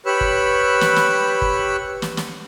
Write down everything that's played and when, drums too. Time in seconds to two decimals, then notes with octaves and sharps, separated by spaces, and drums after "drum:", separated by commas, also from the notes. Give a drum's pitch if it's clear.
0.06 G4 B4 C#5 B5 E6 F#6
0.21 drum: kick
0.81 drum: snare
0.96 drum: snare
1.42 drum: kick
2.02 drum: snare
2.17 drum: snare